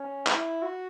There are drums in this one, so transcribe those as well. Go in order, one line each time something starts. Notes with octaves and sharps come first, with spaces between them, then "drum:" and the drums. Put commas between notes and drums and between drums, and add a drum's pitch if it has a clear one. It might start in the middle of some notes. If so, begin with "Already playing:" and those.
Already playing: C#4
E4, drum: clap
F#4